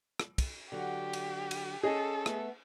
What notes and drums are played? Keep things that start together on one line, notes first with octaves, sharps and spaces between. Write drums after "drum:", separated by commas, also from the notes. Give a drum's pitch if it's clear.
drum: rim click
drum: kick, cymbal
D3 F#3 F#4 G4
drum: cymbal
drum: cymbal
C#4 G#4 A4 D#5
A3 B3 E5, drum: rim click